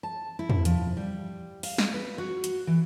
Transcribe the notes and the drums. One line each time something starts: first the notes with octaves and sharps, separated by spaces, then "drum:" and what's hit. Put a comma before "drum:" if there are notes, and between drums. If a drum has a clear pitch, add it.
A5
E4
drum: tom
F3, drum: hi-hat
G3
F5, drum: open hi-hat
drum: snare
B4
F#4
drum: hi-hat
E3